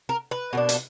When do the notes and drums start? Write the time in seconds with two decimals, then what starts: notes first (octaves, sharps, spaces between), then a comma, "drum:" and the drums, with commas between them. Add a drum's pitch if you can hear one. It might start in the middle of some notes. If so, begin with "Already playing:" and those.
0.09 A#4
0.31 B4
0.53 B2 A#3 D4
0.69 drum: hi-hat